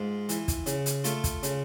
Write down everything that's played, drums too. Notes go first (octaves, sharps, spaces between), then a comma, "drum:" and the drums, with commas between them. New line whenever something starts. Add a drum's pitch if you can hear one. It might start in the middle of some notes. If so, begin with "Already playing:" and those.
Already playing: G#2 F4
E3, drum: hi-hat
drum: kick, hi-hat
C#3, drum: hi-hat
drum: hi-hat
A3 F4, drum: hi-hat
drum: kick, hi-hat
C#3, drum: hi-hat